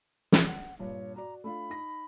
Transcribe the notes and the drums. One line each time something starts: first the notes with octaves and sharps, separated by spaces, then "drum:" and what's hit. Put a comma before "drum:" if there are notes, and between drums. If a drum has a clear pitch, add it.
drum: snare
F#5
G2 A#2 C#5
F#4 D5 A#5
A3 D4 F4 B5
D#4 A#6